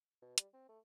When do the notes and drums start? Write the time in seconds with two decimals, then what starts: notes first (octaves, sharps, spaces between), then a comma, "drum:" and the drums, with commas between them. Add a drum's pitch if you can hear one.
0.22 B2
0.38 G3, drum: hi-hat
0.53 C4
0.69 A3